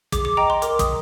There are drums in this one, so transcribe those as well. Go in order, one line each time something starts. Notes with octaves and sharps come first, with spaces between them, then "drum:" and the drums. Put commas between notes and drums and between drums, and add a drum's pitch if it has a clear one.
G#4 D6, drum: kick, hi-hat
D6
D#5 G5 A#5
C6
A#4 D6, drum: hi-hat
D#6, drum: kick, hi-hat